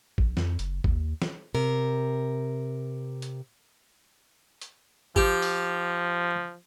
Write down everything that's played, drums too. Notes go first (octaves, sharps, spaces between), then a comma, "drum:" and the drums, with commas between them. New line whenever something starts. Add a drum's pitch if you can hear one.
A#1, drum: kick G#1
F2, drum: snare
F#1, drum: hi-hat
D#2, drum: kick G#1
drum: snare
C3 A#4
drum: hi-hat
drum: hi-hat
F3 G4, drum: kick G#1
drum: open hi-hat